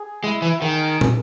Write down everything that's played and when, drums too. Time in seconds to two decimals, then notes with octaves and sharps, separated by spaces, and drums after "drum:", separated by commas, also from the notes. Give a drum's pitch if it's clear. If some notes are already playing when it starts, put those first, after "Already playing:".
Already playing: G#4
0.24 G#3 E4
0.42 E3
0.62 D#3 G#4
1.01 drum: tom